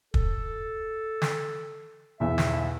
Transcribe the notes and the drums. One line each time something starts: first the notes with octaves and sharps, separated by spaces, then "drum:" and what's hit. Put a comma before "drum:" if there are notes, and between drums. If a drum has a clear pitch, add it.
A4, drum: kick
drum: snare
B1 E2 E5
drum: snare